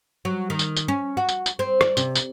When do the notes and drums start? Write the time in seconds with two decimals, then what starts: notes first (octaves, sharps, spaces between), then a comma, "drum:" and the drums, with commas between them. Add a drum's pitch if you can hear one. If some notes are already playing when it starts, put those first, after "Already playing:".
0.25 F#3
0.50 D#3
0.59 drum: tambourine
0.77 drum: tambourine
0.88 C#4
1.17 F#4
1.29 drum: tambourine
1.46 drum: tambourine
1.59 C4
1.81 D5, drum: rim click
1.97 C3, drum: tambourine
2.15 drum: tambourine